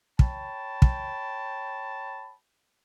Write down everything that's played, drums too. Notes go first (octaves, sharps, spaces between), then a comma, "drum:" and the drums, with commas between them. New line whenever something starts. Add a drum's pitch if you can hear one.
C#5 G5 A5 B5, drum: kick
drum: kick